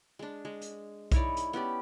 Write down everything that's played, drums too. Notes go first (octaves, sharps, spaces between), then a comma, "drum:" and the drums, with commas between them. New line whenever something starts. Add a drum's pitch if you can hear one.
G#3 D4
G#3
drum: hi-hat
D#4 E4 C#5 D5, drum: kick B1, hi-hat
drum: hi-hat
B3 C#4 G4 D5